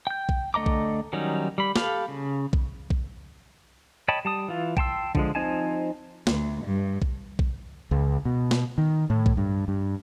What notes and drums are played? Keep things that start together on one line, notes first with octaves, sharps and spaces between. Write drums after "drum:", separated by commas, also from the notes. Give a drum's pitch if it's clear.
G5 G6
drum: kick A#1
D3 A3 D#5 A#5 D6
drum: kick A#1
D#3 F#3 G3 C#4 D#4
G3 B5
G4 A4 F5 B5, drum: snare
C#3
drum: kick A#1
drum: kick A#1
C#5 D#5 G5 A5 B5
G3 A5 D#6
E3 F4
G5 A5 C6 E6, drum: kick A#1
D3 F3 G#3, drum: kick A#1
F3 C4 D#4 G#5 A5
D2, drum: snare
G2
drum: kick A#1
drum: kick A#1
C#2
B2
drum: snare
D#3
A2
drum: kick A#1
G2
G2